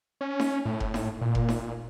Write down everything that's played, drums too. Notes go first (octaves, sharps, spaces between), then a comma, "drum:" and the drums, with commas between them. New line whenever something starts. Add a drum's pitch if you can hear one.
C#4
drum: snare D#4
A2
drum: kick F1
drum: snare D#4
A#2
drum: kick F1
drum: snare D#4